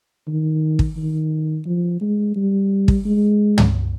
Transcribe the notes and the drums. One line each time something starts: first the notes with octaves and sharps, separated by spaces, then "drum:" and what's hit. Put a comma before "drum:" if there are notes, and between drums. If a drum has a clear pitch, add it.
D#3
drum: kick
D#3
F3
G#3
G3
drum: kick
G#3
drum: tom